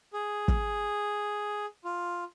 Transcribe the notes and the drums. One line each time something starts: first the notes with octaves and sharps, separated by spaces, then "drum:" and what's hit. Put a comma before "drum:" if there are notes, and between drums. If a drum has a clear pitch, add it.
G#4
drum: kick
F4